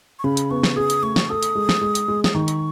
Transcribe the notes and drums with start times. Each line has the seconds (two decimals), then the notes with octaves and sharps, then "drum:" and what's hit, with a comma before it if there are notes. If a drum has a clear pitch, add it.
0.19 C#6
0.24 C#3 B5
0.37 drum: hi-hat
0.51 B3 C#6
0.63 drum: snare
0.76 G#4 D#6
0.90 drum: hi-hat
1.03 A3 C#6
1.16 drum: snare
1.29 A4 D#6
1.43 drum: hi-hat
1.55 G#3
1.69 drum: snare
1.81 G#3
1.95 drum: hi-hat
2.08 G#3
2.24 D#6, drum: snare
2.35 D#3 C#6
2.48 drum: hi-hat